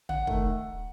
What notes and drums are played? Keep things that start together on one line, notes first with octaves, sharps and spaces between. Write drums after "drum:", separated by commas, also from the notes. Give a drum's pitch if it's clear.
F#5, drum: tom
D#3 A3, drum: kick